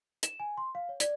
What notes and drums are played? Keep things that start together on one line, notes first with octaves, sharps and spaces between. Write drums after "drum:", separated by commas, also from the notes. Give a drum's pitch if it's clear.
E7, drum: hi-hat
G#5
C6
F5
C#5
D5, drum: hi-hat